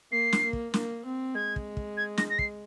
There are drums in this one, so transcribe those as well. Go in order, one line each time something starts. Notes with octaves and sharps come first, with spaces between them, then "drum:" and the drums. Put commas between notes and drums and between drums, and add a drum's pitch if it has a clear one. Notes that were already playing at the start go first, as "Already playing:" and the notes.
A#3 C7
drum: snare
A#3
drum: kick
A#3, drum: snare
C4
G#3 G#6
drum: kick
drum: kick
G#6
A#6, drum: snare
A#6
C7, drum: kick